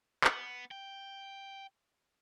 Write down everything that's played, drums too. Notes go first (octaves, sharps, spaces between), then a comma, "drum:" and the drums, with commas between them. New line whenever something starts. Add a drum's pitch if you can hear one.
B3, drum: clap
G5